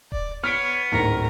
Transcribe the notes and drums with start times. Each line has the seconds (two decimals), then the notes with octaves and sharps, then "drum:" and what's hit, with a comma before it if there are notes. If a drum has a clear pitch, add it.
0.12 D5, drum: kick D#1
0.44 B3 C#5 F6 B6 D7
0.92 D1 G#1 A#4